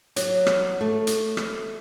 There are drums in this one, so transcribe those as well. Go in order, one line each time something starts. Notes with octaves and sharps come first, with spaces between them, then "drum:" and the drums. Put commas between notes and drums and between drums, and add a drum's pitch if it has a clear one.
F#3, drum: hi-hat
drum: rim click
A3
drum: hi-hat
drum: rim click